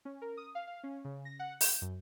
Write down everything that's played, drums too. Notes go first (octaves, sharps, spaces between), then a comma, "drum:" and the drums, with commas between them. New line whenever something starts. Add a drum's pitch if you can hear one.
C#4
A#4
D#6
F5
F5
C#4
C#3
A#6
F#5
G6, drum: open hi-hat
F#2